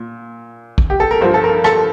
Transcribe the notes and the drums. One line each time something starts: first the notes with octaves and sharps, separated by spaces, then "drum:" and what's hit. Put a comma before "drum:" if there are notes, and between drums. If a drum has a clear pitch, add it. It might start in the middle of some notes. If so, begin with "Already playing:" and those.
Already playing: A#2
drum: kick
G4
A4
A#4
G2 F3 C5
A4
A#4
A4, drum: rim click